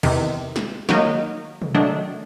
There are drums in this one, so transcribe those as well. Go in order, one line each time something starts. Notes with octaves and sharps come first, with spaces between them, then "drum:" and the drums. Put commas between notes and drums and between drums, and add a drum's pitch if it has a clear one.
E2 C3 D#3, drum: cymbal
drum: snare
D#3 F#3 A#3 D#4, drum: snare
drum: tom
D#3 F#3 A3 D4